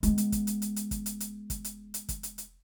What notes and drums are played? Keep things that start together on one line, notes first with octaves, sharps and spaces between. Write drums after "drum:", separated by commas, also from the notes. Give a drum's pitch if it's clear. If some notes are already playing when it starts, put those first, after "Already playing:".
G#3 B3, drum: hi-hat
drum: hi-hat
drum: kick, hi-hat
drum: hi-hat
drum: hi-hat
drum: hi-hat
drum: kick, hi-hat
drum: hi-hat
drum: hi-hat
drum: kick, hi-hat
drum: hi-hat
drum: hi-hat
drum: kick, hi-hat
drum: hi-hat
drum: hi-hat